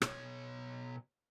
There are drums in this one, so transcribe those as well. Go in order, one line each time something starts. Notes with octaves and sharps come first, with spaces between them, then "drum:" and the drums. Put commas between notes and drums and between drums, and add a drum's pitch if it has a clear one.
B2 C#5, drum: rim click